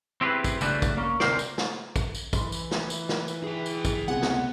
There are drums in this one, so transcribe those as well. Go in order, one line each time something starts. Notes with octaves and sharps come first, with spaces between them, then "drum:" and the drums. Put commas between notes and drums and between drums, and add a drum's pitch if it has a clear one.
C4 E4 G4 G#4 A#4 B4
drum: kick, tambourine
C#3 G3 A3 B3 D4 F#4, drum: tambourine
drum: kick, tambourine
A#3 C#4
D2 C3 A3 A#4 C5 D5, drum: snare
drum: tambourine
drum: snare
drum: kick, tambourine
drum: tambourine
E3 B5 C6, drum: kick, tambourine
drum: tambourine
drum: snare
drum: tambourine
drum: snare
drum: tambourine
G#4 G5
drum: tambourine
drum: kick, tambourine
C#2 C3 B3 G#4 F#5
drum: snare